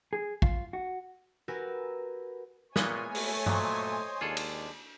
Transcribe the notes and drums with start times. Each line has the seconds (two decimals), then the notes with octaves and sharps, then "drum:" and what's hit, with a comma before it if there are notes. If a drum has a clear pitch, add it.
0.13 G#4
0.42 F4, drum: kick
0.73 F#4
1.48 F#4 G4 A#4 B4 G#5 E6
2.76 A#2 G#3 A#3 B3 E4 C#5 G#5 G#6, drum: snare
3.15 A3, drum: open hi-hat
3.46 A#2 F#3 C5 D#5 C6, drum: tom G2
4.21 D#2 G#3 D4 F4 G#4 A4 D5
4.37 drum: cymbal